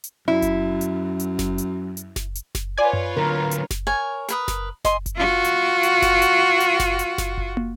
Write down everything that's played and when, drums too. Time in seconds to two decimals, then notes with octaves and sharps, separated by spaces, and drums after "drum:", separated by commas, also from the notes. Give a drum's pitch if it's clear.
0.04 drum: hi-hat
0.28 F#2 E4
0.42 drum: kick F#1, hi-hat
0.81 drum: hi-hat
1.20 drum: hi-hat
1.39 drum: snare F#1
1.58 drum: hi-hat
1.97 drum: hi-hat
2.16 drum: snare F#1
2.35 drum: hi-hat
2.55 drum: snare F#1
2.78 F4 B4 C#5 D5 G#5
2.93 drum: tom F#2
3.17 D3 F#3 A#4
3.51 drum: hi-hat
3.71 drum: snare F#1
3.87 A#4 C#5 G#5
4.29 A#4 B4 D#6, drum: hi-hat
4.48 drum: snare F#1
4.85 D#5 G#5 C6, drum: snare F#1
5.06 drum: kick F#1, hi-hat
5.16 F4 F#4
5.44 drum: hi-hat
5.83 drum: hi-hat
6.02 drum: snare F#1
6.22 drum: hi-hat
6.60 drum: hi-hat
6.80 drum: snare F#1
6.99 drum: hi-hat
7.18 drum: snare F#1
7.38 drum: kick F#1
7.57 drum: tom